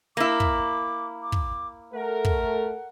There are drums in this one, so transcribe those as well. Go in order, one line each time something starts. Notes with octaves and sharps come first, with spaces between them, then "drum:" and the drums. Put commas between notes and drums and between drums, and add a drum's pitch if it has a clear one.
A#3 E4 D6
drum: kick
D6
drum: kick
A3 A#4 F#5
drum: kick